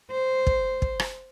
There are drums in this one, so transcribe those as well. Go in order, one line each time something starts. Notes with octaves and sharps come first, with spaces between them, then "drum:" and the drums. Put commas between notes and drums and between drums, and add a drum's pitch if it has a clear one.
C5
drum: kick
drum: kick
drum: rim click